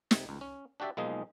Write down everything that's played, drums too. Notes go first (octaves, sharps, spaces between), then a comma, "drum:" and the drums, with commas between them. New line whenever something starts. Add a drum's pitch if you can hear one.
C3, drum: snare
C#2
C#4
D4 F#4 G4 D5 E5
B1 F3 G#3 A#3 D#4 G#4